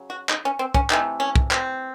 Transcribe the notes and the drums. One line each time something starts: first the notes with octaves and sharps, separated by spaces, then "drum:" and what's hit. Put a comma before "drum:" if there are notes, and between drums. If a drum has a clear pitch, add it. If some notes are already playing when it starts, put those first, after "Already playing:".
Already playing: C#3 F#3
F#4
D#4, drum: clap
C#4
C4
C#4, drum: kick
C3 E3 A3 D#4, drum: clap
C#4
drum: kick
C4, drum: clap